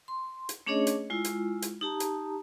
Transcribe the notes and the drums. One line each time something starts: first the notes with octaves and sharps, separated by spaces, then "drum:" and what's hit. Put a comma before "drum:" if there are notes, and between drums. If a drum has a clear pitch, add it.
C6
drum: hi-hat
A3 C#4 D4 G#4 C#5 D#5
drum: hi-hat
G#3 E4 F4
drum: hi-hat
drum: hi-hat
D#4 G4 A5 A#5
drum: hi-hat